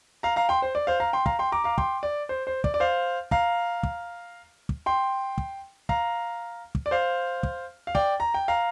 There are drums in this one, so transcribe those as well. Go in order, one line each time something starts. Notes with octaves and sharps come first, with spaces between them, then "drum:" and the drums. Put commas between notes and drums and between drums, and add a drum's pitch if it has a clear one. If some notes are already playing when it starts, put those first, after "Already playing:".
F5 A#5
F5 A#5
G5 C6
C5
D5
C5 F5
F5 A#5
G5 C6
F5 A#5, drum: kick
G5 C6
A#5 D6
F5 A#5
G5 C6, drum: kick
D5
C5
C5
D5, drum: kick
D5
C5 F5
F5 A#5, drum: kick
drum: kick
drum: kick
G5 C6
drum: kick
F5 A#5, drum: kick
drum: kick
D5
C5 F5
drum: kick
F5
D5 G5, drum: kick
A#5
G5
F5 A#5